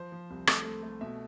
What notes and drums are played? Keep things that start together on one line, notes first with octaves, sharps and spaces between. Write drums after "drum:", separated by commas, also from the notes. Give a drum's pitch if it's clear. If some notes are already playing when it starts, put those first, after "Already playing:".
Already playing: F3 C5
F3
C2
A3, drum: rim click
A3
A3
B2 E5